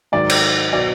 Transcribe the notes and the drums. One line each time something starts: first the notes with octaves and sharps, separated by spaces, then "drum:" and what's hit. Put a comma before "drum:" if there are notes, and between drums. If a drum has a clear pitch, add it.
G#2 D#3 F#3 D5
drum: cymbal
B2 F#3 D5